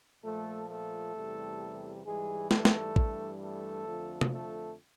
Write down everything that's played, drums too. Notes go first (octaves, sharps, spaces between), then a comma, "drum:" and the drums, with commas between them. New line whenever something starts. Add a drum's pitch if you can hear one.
A#2 F3 A3 A4
A3 A4
E2 C3 E3 G3
G#2 E3 G3 G#3 G#4
A3 A4, drum: snare
drum: snare
G2 E3 G3, drum: kick
A3 A4
F2 D3 F3
drum: tom
A3 A4